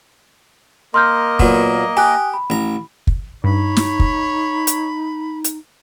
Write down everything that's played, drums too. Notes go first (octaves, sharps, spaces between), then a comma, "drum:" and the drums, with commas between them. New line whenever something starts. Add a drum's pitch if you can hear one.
A#3 A#4 D#5 C6 F6 G6
A#2 F#3 B3, drum: kick
G4 G#5 D#6 F#6
B5
A1 A#5
drum: kick
G2 D#4 C#5 B5
drum: snare
drum: kick
drum: hi-hat
drum: hi-hat